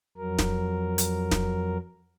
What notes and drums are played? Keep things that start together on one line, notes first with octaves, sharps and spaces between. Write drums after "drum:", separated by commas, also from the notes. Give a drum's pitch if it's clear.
F2 F#3 A#4
drum: snare
drum: hi-hat
drum: snare